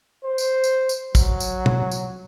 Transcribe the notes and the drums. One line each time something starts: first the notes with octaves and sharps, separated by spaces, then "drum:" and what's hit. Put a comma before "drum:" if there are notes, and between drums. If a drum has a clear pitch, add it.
C5
drum: tambourine
drum: tambourine
drum: tambourine
F#3, drum: kick, tambourine
drum: tambourine
drum: tom
drum: tambourine